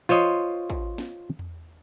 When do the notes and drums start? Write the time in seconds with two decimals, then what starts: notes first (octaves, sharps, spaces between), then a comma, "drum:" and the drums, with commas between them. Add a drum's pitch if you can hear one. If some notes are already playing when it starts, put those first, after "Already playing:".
0.09 F4 C5 C#5 D#5, drum: tom E3
0.70 drum: kick
0.98 drum: snare
1.39 drum: tom E2